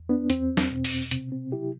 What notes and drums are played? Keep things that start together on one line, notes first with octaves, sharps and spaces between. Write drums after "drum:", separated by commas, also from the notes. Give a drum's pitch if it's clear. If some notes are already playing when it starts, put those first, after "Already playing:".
Already playing: E2
B3 D4
E2 C4, drum: hi-hat
drum: snare
B2
drum: open hi-hat
C3 C4, drum: hi-hat
C4
F#3 E4 G4